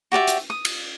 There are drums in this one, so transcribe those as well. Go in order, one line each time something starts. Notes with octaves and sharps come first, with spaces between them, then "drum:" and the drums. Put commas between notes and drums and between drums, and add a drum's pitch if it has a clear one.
F#4 G4 D5 E5
drum: hi-hat
D#6
drum: cymbal